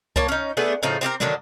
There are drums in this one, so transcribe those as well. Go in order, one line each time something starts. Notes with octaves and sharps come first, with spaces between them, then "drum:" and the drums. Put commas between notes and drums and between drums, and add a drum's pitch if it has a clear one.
A#3 C#5 A5, drum: kick C2
C#4 D#4
A3 B3 D4 G#4
A2 C#3 F3 D#4
C4 G4 A4 A#4
D3 D#3 F#3 D4, drum: tom